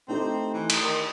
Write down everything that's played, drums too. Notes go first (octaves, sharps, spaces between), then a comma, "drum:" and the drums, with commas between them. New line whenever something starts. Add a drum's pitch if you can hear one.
A3 C4 D#4 G4
E3
drum: cymbal
D#3